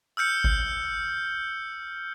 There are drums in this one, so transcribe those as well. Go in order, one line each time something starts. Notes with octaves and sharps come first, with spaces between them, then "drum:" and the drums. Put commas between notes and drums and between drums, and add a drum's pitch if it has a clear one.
E6 F6 G6 C#7
drum: kick G#1